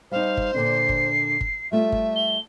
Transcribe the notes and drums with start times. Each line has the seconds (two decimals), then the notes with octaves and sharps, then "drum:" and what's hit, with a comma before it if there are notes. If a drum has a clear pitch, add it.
0.11 G3 D#4 C5 F5
0.37 drum: kick G1
0.54 A#2 D3 D4 C7
0.89 drum: kick G1
1.41 drum: kick G1
1.72 G3 A3 F4 E5
1.92 drum: kick G1
2.16 G7